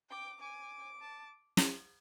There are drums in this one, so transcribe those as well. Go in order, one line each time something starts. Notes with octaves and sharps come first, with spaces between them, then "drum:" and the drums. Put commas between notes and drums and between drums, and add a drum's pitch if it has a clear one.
G5 D6
G#5 D6
A5
drum: snare